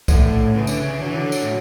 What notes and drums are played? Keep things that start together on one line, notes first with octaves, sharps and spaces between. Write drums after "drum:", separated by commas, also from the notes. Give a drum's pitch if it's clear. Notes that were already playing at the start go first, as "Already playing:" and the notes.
A2 D3, drum: kick B1, tambourine
C#3 E3
D3, drum: tambourine
C#3
D3 F#3
E3
D3
drum: tambourine
A2